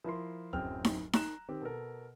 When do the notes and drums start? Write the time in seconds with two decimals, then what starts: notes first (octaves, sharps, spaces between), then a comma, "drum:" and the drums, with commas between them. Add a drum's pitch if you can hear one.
0.04 F3 E4 A#4 C6
0.53 D1 F#2 C4 G#4 G5 F6
0.85 drum: snare D#4
1.13 A#5 F#6 E7, drum: snare D#4
1.49 D#3 C4 G4
1.61 B2 A4 A#4